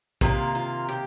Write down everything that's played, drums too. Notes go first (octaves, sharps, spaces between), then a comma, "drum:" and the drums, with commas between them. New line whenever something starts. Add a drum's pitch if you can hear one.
C3 D#3 A#3 F4, drum: kick
F4
G4